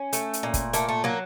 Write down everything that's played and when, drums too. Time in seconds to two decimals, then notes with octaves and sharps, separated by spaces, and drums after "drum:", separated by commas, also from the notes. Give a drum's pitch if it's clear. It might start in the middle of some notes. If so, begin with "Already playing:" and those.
Already playing: C#4
0.13 A3, drum: hi-hat
0.33 drum: hi-hat
0.43 A#2
0.54 drum: kick, hi-hat
0.73 A3 A#3, drum: hi-hat
0.89 A3
1.04 F#3 A#3